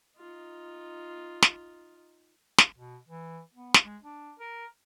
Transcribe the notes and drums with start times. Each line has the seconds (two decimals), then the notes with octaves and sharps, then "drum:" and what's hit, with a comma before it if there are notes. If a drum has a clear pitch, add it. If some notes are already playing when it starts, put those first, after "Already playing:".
0.18 D#4 F4
1.42 drum: snare
2.58 drum: snare
2.77 B2
3.08 E3
3.54 B3
3.74 drum: snare
3.83 G#3
4.03 D4
4.39 A#4